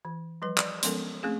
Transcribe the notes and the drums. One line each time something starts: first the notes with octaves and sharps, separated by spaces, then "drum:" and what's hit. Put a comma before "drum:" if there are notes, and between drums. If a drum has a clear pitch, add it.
E3
F3 G3 B4
D5, drum: clap
F3 G#3 B3 C#4 A4 A#4, drum: hi-hat
A3 C4 C#4 G#4